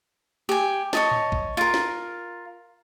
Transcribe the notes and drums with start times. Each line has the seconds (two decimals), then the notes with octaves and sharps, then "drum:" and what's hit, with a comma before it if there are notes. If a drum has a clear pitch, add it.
0.49 G4 G#5
0.93 C#5 D#5 A5, drum: snare
1.11 drum: tom A2
1.32 drum: kick
1.57 F4 A#4
1.74 drum: snare